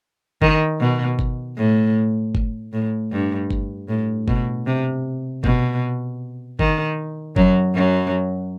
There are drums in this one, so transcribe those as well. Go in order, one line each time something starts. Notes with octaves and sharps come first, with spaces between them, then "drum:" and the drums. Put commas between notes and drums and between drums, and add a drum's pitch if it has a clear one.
D#3, drum: kick G1
B2
drum: kick G1
A2
drum: kick G1
A2
G2
drum: kick G1
A2
B2, drum: kick G1
C3
B2, drum: kick G1
D#3, drum: kick G1
F#2 F#3, drum: kick G1
F#2 F#3